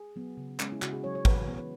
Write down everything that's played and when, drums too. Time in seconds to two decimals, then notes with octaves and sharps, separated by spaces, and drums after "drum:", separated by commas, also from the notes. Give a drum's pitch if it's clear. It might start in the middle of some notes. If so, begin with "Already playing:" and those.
Already playing: G#4
0.16 F#3 B3
0.37 C#3
0.60 G#3 C#4, drum: clap
0.72 E4
0.82 C#3 F#4, drum: clap
0.93 G#4
1.03 F#3 C#4 C#5
1.15 C#5
1.25 E3 B4, drum: kick
1.47 B3